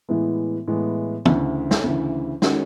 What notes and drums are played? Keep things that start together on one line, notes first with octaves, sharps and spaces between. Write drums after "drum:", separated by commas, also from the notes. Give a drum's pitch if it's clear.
A2 E3 G#3 B3
A2 E3 G#3 B3
D2 C#3 E3, drum: tom
drum: snare
D2 C#3 E3
D#3 G#3 C#4 F#4, drum: snare